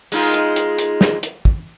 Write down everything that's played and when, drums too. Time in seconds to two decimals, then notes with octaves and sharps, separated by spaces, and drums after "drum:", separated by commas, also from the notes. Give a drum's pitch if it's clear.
0.12 G#3 D#4 F4, drum: open hi-hat
0.34 drum: hi-hat
0.56 drum: hi-hat
0.79 drum: hi-hat
1.01 drum: snare
1.23 drum: hi-hat
1.45 drum: kick